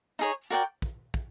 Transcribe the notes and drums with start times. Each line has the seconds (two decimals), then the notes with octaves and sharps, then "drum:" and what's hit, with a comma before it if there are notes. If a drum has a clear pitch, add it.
0.19 D#4 G#4 C#5
0.50 F#4 A#4 D5 G5
0.82 drum: kick
1.14 drum: kick